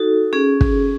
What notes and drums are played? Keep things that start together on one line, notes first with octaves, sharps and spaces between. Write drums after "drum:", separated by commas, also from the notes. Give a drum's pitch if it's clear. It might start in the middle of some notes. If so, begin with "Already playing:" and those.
Already playing: D#4 F#4 A4
C#4 G#4
drum: kick